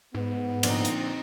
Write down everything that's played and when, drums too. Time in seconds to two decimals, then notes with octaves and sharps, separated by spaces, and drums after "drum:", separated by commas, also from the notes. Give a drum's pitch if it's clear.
0.14 G#2 B3
0.63 A#2 D3 F3 C4 D#4, drum: cymbal
0.85 drum: hi-hat